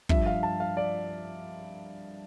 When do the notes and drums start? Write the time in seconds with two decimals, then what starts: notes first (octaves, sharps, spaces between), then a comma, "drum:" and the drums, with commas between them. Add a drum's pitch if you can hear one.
0.09 G2 F3 E5, drum: kick
0.26 F5
0.43 A5
0.60 F5
0.77 D5